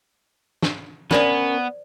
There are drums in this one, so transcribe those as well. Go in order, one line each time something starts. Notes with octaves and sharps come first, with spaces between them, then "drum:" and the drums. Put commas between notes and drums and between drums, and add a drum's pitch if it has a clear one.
drum: snare
B3 C#4 A#4 C5 D5 G#5, drum: snare